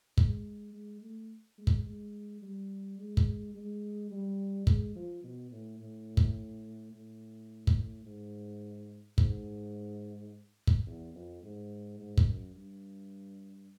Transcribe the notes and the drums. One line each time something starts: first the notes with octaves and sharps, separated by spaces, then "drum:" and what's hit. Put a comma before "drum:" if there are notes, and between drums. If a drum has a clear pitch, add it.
G#3, drum: kick
G#3
A3
G#3
drum: kick
G#3
G3
G#3
drum: kick
G#3
G3
G#3, drum: kick
F3
B2
A2
A2
drum: kick
A2
drum: kick
G#2
G#2, drum: kick
drum: kick
E2
F2
G#2
G#2
drum: kick
F#2
G2